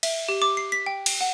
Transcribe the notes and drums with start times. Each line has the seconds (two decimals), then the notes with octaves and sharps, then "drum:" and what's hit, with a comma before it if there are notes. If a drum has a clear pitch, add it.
0.03 E5, drum: cymbal
0.29 G4
0.42 D6
0.57 C7
0.72 B6
0.86 G5
1.06 drum: cymbal
1.21 F#5